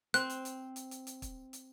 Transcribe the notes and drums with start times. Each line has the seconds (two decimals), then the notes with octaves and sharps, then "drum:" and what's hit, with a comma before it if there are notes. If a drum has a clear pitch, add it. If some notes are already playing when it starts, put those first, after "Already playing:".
0.14 C4 F#6, drum: hi-hat
0.30 drum: hi-hat
0.45 drum: hi-hat
0.76 drum: hi-hat
0.91 drum: hi-hat
1.07 drum: hi-hat
1.22 drum: kick, hi-hat
1.53 drum: hi-hat